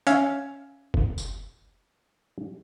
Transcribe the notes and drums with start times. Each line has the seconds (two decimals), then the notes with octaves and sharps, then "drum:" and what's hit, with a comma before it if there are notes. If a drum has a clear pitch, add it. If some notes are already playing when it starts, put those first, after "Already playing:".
0.07 C#4 E5 F5, drum: hi-hat
0.94 drum: kick
1.18 drum: tambourine